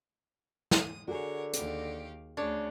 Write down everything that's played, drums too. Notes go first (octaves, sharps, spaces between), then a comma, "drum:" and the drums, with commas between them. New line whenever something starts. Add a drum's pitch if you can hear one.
D#6, drum: snare
D3 F#4 G#4 A#4 C#5
D#2 G4 F5, drum: hi-hat
D2 C#3 D4 C#5